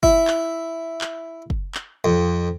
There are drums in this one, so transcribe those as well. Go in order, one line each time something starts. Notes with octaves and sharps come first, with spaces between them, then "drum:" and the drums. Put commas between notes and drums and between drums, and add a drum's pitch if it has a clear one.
E4, drum: kick
drum: clap
drum: clap
drum: kick
drum: clap
F2